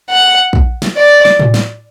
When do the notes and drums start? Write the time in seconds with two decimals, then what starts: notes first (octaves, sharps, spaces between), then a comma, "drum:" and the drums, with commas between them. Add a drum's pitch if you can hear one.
0.10 F#5
0.53 drum: kick
0.82 drum: snare
0.97 D5
1.25 drum: snare
1.40 drum: tom A2
1.54 drum: snare